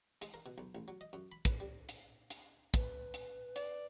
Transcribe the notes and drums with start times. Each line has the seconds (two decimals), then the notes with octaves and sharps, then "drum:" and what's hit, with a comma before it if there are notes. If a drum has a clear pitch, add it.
0.22 G#3, drum: hi-hat
0.34 A#4
0.46 B2
0.58 B1
0.75 A1
0.88 F#3
1.01 D#5
1.13 F#2
1.32 B5
1.45 B4, drum: kick, hi-hat
1.60 G3
1.89 drum: hi-hat
2.30 drum: hi-hat
2.74 B4, drum: kick, hi-hat
3.14 drum: hi-hat
3.56 D5, drum: hi-hat